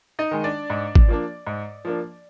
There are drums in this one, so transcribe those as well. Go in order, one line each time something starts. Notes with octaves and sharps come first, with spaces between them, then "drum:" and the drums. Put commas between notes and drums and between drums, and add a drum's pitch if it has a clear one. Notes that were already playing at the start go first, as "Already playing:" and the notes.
D#4 D#5
D#3 G#3
D4 D5
G#2
drum: kick G#1
F3 A#3 D4
G#2
F3 A#3 D4